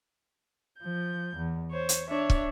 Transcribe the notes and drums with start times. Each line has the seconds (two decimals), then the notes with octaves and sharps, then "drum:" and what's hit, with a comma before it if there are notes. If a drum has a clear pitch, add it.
0.78 F3 G6
1.37 E2
1.71 C5 C#5
1.89 drum: hi-hat
2.08 D4 C#5 E5
2.30 drum: kick